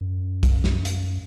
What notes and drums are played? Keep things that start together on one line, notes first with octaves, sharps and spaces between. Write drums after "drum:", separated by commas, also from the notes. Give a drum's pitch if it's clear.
F#2
drum: kick, hi-hat
drum: snare
drum: hi-hat